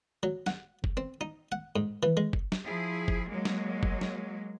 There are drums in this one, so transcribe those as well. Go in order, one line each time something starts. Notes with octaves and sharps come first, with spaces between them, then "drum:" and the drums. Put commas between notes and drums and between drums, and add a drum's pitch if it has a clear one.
F#3
F#5, drum: snare
drum: kick
C4
D#4
F#5
G#2
E3
G#3
drum: kick
drum: snare
F3 E4 G#4
drum: kick
F#3 G#3 A#3
drum: snare
drum: kick
drum: snare